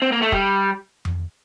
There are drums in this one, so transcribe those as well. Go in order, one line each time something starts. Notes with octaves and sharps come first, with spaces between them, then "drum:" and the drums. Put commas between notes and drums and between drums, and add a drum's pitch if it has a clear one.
C4
A#3
A3
G3, drum: kick
drum: tom F2